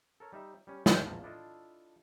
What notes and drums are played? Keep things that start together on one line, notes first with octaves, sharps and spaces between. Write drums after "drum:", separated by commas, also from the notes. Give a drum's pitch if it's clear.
A4 A#4 C#5
G3 D#4 E5
G3 C#4
G#1 D2 G2, drum: snare
A#1 E2 F3 A#3 A5 A#5
D4 E4 F4 A4 D#5